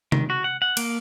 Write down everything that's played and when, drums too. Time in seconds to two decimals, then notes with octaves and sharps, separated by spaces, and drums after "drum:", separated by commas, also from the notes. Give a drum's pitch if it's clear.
0.12 D#3, drum: tom C3
0.30 F#4
0.44 F#5
0.62 F#5
0.77 A#3, drum: cymbal